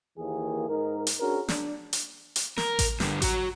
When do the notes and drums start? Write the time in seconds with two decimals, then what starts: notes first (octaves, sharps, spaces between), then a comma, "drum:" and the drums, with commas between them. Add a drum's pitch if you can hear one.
0.19 D#2 E3 A#3 G#4
0.69 G#2 D#4 A#4
1.07 drum: hi-hat
1.20 C#4 D4 F#4 G#4 A#4
1.48 D4, drum: snare
1.93 drum: hi-hat
2.36 drum: hi-hat
2.58 A#4, drum: snare
2.79 drum: kick A1, hi-hat
3.00 G2 D3, drum: snare
3.22 F#4 A#5, drum: kick A1, hi-hat